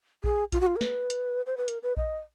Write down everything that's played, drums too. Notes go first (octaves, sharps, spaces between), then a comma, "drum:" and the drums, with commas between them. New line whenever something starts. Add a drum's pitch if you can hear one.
G#4, drum: kick A#1
F4, drum: kick A#1, hi-hat
F#4
F4
A#4
B4, drum: snare
drum: hi-hat
C5
B4
A#4, drum: hi-hat
B4
D#5, drum: kick A#1